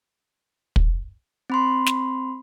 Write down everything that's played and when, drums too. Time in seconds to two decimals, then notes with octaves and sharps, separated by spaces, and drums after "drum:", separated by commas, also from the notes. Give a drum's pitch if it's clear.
0.76 drum: kick
1.50 C4 B5 C6
1.86 drum: snare